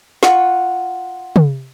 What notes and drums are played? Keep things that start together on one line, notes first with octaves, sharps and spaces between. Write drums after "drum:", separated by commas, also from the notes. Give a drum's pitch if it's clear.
F4 F#5 C#6, drum: snare
drum: tom